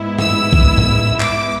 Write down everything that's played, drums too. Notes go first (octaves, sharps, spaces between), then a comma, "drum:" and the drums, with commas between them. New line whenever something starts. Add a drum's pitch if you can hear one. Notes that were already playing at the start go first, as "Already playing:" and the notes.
Already playing: G#2 G#3 B3 E4
E6, drum: tom G2
drum: kick A#1
drum: tom
D6, drum: clap